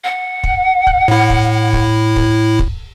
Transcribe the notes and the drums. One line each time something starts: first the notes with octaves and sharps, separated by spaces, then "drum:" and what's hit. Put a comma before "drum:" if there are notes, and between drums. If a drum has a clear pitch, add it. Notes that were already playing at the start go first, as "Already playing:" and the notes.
F#5
drum: kick
drum: kick
A2 E4
drum: kick
drum: kick
drum: kick
drum: kick